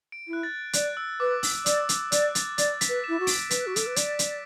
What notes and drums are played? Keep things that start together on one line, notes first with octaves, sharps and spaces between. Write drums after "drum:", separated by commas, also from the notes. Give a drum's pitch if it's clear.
D7
E4
F#6
A6
D5 F#6, drum: hi-hat
E6
B4 D6
E6, drum: open hi-hat
D5 E6, drum: hi-hat
E6, drum: hi-hat
D5 F#6, drum: hi-hat
A6, drum: hi-hat
D5 A6, drum: hi-hat
B6, drum: hi-hat
B4
E7
E4
F#4
D7, drum: open hi-hat
B4 B6, drum: hi-hat
F#4
A4, drum: hi-hat
B4
D5, drum: hi-hat
drum: hi-hat